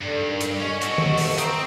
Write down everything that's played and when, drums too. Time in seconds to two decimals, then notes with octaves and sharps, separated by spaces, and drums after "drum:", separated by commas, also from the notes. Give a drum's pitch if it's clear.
0.02 G2 D#4 A4 D5
0.29 A4 A#4
0.40 drum: hi-hat
0.60 C#4 G4 D#5 C#6
0.81 F#4 A4, drum: hi-hat
0.98 drum: tom
1.17 drum: open hi-hat
1.38 C4 A#5 D#6, drum: hi-hat